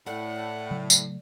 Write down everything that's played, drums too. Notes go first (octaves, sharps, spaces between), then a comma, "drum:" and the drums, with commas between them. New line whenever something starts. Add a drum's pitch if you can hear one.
A2 D5 F#5
C#3 F#3 A3
drum: tambourine